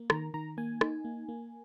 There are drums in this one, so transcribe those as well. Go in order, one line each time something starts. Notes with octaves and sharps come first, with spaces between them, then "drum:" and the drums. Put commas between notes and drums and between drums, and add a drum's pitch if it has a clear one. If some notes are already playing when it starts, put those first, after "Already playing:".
Already playing: A#3
D#3 A#5, drum: rim click
D#3 A#5
A#3 G#5
D#4, drum: rim click
A#3
A#3